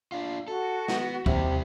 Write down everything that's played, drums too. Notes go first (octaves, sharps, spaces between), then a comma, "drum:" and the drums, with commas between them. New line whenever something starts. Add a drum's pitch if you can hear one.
D4 F4
F#4 A4
B3, drum: snare
D#2 C3 G3 E4, drum: kick